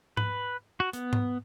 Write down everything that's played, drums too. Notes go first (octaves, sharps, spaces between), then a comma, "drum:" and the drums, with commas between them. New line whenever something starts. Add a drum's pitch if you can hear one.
B4, drum: tom G#2
F#4
B3, drum: hi-hat
drum: tom G#2